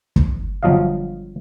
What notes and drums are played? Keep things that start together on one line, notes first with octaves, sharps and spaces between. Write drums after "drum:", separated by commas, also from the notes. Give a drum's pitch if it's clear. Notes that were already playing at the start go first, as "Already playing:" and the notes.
drum: kick
G1 F3 F#3 D#5 F5